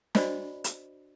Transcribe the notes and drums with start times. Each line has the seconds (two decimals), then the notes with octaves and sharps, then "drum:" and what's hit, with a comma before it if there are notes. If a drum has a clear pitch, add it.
0.15 D4 F#4 C5 D5 D#5 B5, drum: snare
0.64 drum: hi-hat